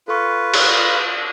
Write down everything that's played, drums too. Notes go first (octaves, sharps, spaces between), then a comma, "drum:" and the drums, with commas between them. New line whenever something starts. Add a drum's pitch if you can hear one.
F4 A4 B4 C#6
drum: cymbal